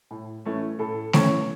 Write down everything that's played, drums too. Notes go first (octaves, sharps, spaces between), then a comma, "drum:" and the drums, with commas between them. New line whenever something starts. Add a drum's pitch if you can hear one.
A2
E3 A3 C#4
A2 A4
E3 A3 C#4 C#5, drum: snare A3